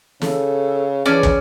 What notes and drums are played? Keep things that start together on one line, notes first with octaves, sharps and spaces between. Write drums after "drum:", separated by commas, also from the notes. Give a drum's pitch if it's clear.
C#3 A4, drum: snare
E3 C#4 G#4 D5
drum: kick